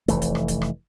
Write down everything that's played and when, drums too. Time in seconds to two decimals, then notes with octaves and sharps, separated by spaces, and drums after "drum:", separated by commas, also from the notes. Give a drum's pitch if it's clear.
0.08 F1 E3 A3, drum: hi-hat
0.22 drum: kick, hi-hat
0.35 drum: rim click
0.48 drum: kick, hi-hat
0.62 drum: rim click